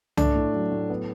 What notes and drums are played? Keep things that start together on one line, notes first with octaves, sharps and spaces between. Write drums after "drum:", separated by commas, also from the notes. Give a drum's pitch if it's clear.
A3 D4, drum: tom C2
A2
F#3
A2
B3